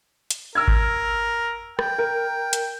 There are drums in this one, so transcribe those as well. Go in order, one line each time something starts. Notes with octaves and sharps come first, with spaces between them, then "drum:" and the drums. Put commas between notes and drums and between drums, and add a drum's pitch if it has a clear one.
drum: hi-hat
A#4 E6 F6 G#6
drum: kick G#1
G5, drum: rim click
A#4
drum: hi-hat